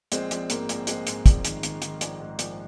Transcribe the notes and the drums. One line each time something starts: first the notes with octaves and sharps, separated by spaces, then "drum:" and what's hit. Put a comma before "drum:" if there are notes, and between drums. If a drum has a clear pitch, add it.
A#1 G#3 C4, drum: hi-hat
A#1, drum: hi-hat
G#2 A#3, drum: hi-hat
A#1, drum: hi-hat
A#1 G#3 C4, drum: hi-hat
G#2, drum: hi-hat
A#1, drum: kick, hi-hat
D#3, drum: hi-hat
D#3, drum: hi-hat
D#3, drum: hi-hat
A#1, drum: hi-hat
G#2
A#1, drum: hi-hat